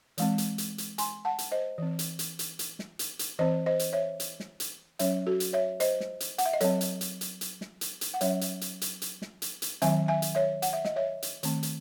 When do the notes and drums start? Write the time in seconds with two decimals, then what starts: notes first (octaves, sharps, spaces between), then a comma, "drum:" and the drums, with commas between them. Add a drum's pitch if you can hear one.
0.18 E3 G#3 C4, drum: hi-hat
0.38 drum: hi-hat
0.58 drum: hi-hat
0.78 drum: hi-hat
0.98 G#5 C6, drum: hi-hat
1.25 F#5 A5
1.38 drum: hi-hat
1.51 C5 D#5
1.78 E3 C4
1.99 drum: hi-hat
2.19 drum: hi-hat
2.39 drum: hi-hat
2.59 drum: hi-hat
2.79 drum: snare
2.99 drum: hi-hat
3.19 drum: hi-hat
3.39 E3 C4 C5 D#5
3.66 C5 D#5
3.79 drum: hi-hat
3.93 C#5 E5
4.20 drum: hi-hat
4.40 drum: snare
4.60 drum: hi-hat
4.99 F#3 C#4 C#5 E5, drum: hi-hat
5.27 F#4 A4
5.40 drum: hi-hat
5.53 C#5 E5
5.80 C5 D#5, drum: hi-hat
6.00 drum: snare
6.20 drum: hi-hat
6.38 F#5, drum: hi-hat
6.46 E5
6.53 D#5
6.61 F#3 C4 A4 C#5, drum: hi-hat
6.81 drum: hi-hat
7.01 drum: hi-hat
7.21 drum: hi-hat
7.41 drum: hi-hat
7.61 drum: snare
7.81 drum: hi-hat
8.01 drum: hi-hat
8.14 F#5
8.21 F#3 C#4 C#5 E5, drum: hi-hat
8.41 drum: hi-hat
8.61 drum: hi-hat
8.82 drum: hi-hat
9.02 drum: hi-hat
9.22 drum: snare
9.42 drum: hi-hat
9.62 drum: hi-hat
9.82 D#3 F#3 C4 E5 G#5, drum: hi-hat
10.08 E5 G#5
10.22 drum: hi-hat
10.35 C#5 E5
10.62 F#5, drum: hi-hat
10.73 E5
10.85 D#5, drum: snare
10.96 C#5 E5
11.22 drum: hi-hat
11.43 D#3 A3 C4, drum: hi-hat
11.63 drum: hi-hat